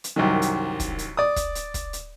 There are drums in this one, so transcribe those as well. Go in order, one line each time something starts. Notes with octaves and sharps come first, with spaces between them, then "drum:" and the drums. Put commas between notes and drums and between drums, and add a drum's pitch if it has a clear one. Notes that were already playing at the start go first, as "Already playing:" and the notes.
drum: hi-hat
C2 F#2 D#3
drum: hi-hat
drum: kick, hi-hat
drum: hi-hat
D5 D#6
drum: kick, hi-hat
drum: hi-hat
drum: kick, hi-hat
drum: hi-hat